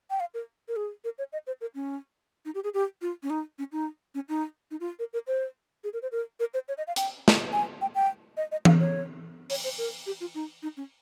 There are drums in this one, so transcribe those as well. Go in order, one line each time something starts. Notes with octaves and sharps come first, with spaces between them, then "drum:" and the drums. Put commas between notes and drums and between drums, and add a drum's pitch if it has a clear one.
G5
F5
A#4
A#4
G#4
A#4
C#5
D#5
C5
A#4
C#4
D#4
G4
G#4
G4
F4
C#4
D#4
C#4
D#4
C#4
D#4
D#4
F4
A#4
A#4
C5
G#4
A#4
C5
A#4
A#4
C5
C#5
D#5
F5
G5, drum: hi-hat
drum: snare
G#5
G5
G5
D#5
D#5
F5, drum: tom E3
C#5
C#5, drum: open hi-hat
C5
A#4
G4
F4
D#4
D#4
C#4